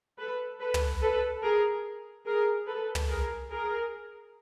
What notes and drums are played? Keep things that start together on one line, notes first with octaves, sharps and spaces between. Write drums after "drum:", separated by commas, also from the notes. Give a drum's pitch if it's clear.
A4 B4
A4 B4
drum: tom
A4 B4
G#4 A#4
G#4 A#4
A4 B4
drum: tom
G#4 A#4
G#4 A#4